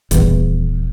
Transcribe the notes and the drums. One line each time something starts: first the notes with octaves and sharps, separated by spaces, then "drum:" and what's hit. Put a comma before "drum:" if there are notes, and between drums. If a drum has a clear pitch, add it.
D#1 E2, drum: kick G1, hi-hat